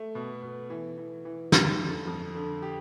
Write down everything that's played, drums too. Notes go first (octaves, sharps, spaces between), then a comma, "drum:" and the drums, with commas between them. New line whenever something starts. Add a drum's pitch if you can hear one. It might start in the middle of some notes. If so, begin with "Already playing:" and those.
Already playing: A3
B2
B2
E3
E3
E3
F2, drum: snare
D3
F2
D3
G4